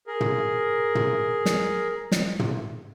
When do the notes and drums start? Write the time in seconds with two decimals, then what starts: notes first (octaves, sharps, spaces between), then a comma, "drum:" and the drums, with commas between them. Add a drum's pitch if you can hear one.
0.07 G#4 A#4
0.20 drum: tom
0.95 drum: tom
1.45 drum: snare
2.12 drum: snare
2.39 drum: tom